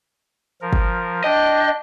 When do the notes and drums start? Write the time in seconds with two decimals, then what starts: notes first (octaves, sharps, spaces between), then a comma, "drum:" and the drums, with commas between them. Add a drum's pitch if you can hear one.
0.62 F3 A#4
0.73 drum: kick
1.24 D4 D#5 G5